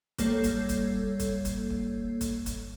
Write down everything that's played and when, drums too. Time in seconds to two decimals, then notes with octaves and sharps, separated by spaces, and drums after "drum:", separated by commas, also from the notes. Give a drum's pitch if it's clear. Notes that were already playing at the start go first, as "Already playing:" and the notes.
0.18 G3 A#3 A4 C#5 G6 C7, drum: kick, hi-hat
0.44 drum: kick, hi-hat
0.69 drum: kick, hi-hat
1.20 drum: kick, hi-hat
1.45 drum: kick, hi-hat
1.70 drum: kick
2.21 drum: kick, hi-hat
2.46 drum: kick, hi-hat